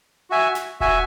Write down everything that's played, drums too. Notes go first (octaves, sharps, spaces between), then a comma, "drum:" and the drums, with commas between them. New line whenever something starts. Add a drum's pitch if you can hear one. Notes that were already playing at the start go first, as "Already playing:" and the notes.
F#4 E5 G#5
drum: snare
F#4 E5 G#5, drum: kick D#1